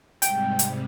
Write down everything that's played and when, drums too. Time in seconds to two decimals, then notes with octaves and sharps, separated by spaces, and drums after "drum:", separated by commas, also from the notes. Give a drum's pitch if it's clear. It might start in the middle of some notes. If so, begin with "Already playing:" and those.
0.22 G#2 C3 G3 G5, drum: hi-hat
0.59 drum: hi-hat